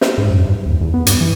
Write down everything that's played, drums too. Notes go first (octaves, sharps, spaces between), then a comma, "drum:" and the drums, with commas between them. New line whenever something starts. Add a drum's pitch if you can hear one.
drum: snare
G#2
F#2
G2
D#2
E2
B3
G2, drum: hi-hat
E3